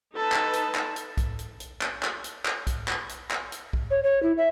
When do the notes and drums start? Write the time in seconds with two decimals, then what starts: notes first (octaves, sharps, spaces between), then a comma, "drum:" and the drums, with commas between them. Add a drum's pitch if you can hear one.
0.16 D#4 A4 B4 A5
0.32 drum: clap
0.53 drum: hi-hat
0.75 drum: clap
0.96 drum: hi-hat
1.17 drum: kick, hi-hat
1.39 drum: hi-hat
1.60 drum: hi-hat
1.81 drum: clap
2.03 drum: clap
2.24 drum: hi-hat
2.45 drum: clap
2.67 drum: kick, hi-hat
2.88 drum: clap
3.09 drum: hi-hat
3.31 drum: clap
3.52 drum: hi-hat
3.73 drum: kick
3.91 C#5
4.03 C#5
4.23 E4
4.37 E5